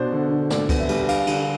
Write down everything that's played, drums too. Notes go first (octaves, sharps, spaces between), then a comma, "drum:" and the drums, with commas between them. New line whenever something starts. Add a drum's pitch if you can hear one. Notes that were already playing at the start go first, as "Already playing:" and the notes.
Already playing: B2 D4 C5
D3
D3
D3 D5, drum: snare
B3, drum: kick, cymbal
E5
G3, drum: cymbal
D4 F5, drum: cymbal
D3, drum: cymbal